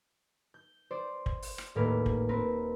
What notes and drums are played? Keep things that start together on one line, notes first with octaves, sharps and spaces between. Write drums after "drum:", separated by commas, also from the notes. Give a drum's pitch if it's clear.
G6
C5 D5
drum: kick
drum: open hi-hat
drum: rim click
D#1 A2 A3 A#3 B4 F6
drum: kick
C4 A#4 B4